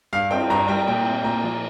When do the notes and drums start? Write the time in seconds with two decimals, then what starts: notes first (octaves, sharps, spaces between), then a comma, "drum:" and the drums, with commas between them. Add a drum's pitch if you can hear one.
0.13 G2 F5
0.31 C4 G5, drum: cymbal
0.50 G2 A#5
0.68 G3 G5
0.87 A#2 G5
1.06 C4
1.24 A#2 A#5
1.44 F3